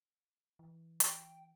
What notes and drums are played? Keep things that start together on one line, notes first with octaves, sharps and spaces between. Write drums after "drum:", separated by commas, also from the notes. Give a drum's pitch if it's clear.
E3
G5, drum: hi-hat